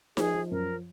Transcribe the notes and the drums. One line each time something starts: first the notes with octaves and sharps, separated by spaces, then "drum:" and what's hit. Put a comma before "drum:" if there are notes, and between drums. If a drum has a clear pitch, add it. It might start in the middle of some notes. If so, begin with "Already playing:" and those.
F3 G#4, drum: snare D#4
F3
F#2 A#4